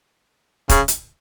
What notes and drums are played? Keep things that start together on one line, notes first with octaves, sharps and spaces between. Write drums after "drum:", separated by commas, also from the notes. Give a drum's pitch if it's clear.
C#3, drum: kick, hi-hat
drum: hi-hat